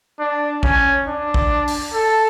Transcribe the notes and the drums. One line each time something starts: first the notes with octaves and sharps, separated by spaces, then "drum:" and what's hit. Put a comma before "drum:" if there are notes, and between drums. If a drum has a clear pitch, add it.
D4
C#4, drum: kick
D4
drum: kick
drum: open hi-hat
A4